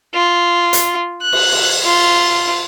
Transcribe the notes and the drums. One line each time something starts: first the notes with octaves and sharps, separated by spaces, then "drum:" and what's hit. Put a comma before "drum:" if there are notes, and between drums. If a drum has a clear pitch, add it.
F4
drum: hi-hat
F#6
drum: cymbal
drum: cymbal
F4